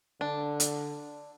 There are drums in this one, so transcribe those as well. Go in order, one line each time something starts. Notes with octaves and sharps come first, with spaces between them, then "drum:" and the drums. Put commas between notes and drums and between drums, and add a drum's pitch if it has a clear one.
D3 D4
drum: hi-hat